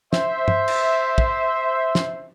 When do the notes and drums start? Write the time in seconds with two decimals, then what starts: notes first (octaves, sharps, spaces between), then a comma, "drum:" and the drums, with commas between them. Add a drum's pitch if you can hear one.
0.13 C5 E5, drum: snare
0.48 drum: tom
0.68 drum: cymbal
1.18 drum: kick
1.95 drum: snare